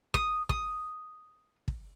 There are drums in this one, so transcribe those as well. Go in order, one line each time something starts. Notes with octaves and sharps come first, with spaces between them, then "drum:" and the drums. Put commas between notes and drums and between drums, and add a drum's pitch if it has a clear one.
D#6, drum: kick
D#6, drum: kick
drum: kick